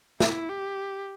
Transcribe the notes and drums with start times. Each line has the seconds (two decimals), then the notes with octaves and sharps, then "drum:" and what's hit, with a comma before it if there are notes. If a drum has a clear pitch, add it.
0.20 E4, drum: snare
0.49 G4